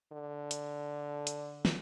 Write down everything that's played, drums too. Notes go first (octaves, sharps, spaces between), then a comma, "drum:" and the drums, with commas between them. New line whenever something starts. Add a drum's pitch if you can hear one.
D3
drum: hi-hat
drum: hi-hat
drum: snare